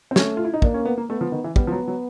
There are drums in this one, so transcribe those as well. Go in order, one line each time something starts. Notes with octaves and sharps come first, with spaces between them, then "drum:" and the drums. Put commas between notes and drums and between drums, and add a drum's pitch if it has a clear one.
C4
A3 C#4, drum: snare
F4
E4
D#4
A#3 D4, drum: kick
C#4
B3
A#3
A3 B3
F3
D#3
E3
G3 B3, drum: kick
F3
F#3
F#3